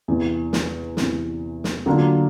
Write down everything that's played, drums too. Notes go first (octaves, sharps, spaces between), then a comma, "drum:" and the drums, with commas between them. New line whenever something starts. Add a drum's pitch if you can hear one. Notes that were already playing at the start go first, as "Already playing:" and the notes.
E2 C3 E3
drum: snare
E2 C3 E3, drum: snare
drum: snare
D3 F#3 A#3 D4 F4